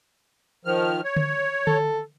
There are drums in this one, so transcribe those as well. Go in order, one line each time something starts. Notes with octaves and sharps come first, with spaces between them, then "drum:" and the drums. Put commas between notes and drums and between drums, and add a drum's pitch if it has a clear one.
D#3 F3 F6
C#5
drum: tom D3
A4, drum: tom D3